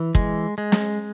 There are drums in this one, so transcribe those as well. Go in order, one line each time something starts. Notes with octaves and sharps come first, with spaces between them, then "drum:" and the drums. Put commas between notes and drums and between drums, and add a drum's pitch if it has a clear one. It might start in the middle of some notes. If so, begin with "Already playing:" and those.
Already playing: E3
G#3, drum: kick
G#3
drum: snare